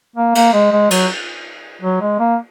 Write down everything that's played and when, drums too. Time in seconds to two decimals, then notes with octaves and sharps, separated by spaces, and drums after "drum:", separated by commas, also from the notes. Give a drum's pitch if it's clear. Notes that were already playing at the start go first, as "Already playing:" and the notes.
0.16 A#3
0.35 A#3, drum: cymbal
0.53 G#3
0.72 G#3
0.91 F#3, drum: cymbal
1.82 F#3
2.01 G#3
2.19 A#3